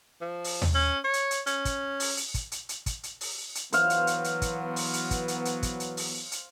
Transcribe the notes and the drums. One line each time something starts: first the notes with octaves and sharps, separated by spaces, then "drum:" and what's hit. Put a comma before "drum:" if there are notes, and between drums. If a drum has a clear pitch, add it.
F3
drum: open hi-hat
drum: tom D#2
C#4
C#5
drum: hi-hat
drum: hi-hat
C#4, drum: hi-hat
drum: kick, hi-hat
drum: open hi-hat
drum: hi-hat
drum: kick, hi-hat
drum: hi-hat
drum: hi-hat
drum: kick, hi-hat
drum: hi-hat
drum: open hi-hat
drum: hi-hat
E3 F#3 B3 C5 F5, drum: hi-hat
drum: hi-hat
drum: hi-hat
drum: hi-hat
drum: kick, hi-hat
drum: open hi-hat
drum: hi-hat
drum: kick, hi-hat
drum: hi-hat
drum: hi-hat
drum: kick, hi-hat
drum: hi-hat
drum: open hi-hat
drum: hi-hat